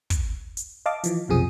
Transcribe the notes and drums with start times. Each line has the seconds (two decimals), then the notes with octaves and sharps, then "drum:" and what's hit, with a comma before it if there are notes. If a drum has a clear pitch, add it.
0.10 drum: kick, hi-hat
0.57 drum: hi-hat
0.86 D#5 F5 A5 D6
1.04 E3 F3, drum: hi-hat
1.28 B1 F2 C3 F3 G#4 D#6